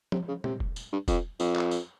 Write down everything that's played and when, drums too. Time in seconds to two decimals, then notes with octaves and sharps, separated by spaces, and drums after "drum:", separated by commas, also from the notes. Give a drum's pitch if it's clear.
0.12 C3, drum: tom F3
0.28 C#3
0.44 C3, drum: tom A#2
0.60 drum: kick E1
0.76 drum: tambourine
0.92 G2
1.08 F2, drum: kick E1, tambourine
1.40 F2, drum: tambourine
1.55 drum: clap
1.71 drum: tambourine